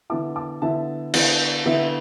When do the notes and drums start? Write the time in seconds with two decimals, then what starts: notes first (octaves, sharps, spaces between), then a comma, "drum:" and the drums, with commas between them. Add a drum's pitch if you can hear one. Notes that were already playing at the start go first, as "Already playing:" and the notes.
0.10 D3 B3 E4 A5 D6
0.36 A5 D6
0.62 D3 B3 E4 E5 A5
1.14 D3 B3 E4, drum: cymbal
1.66 D3 B3 E4 E5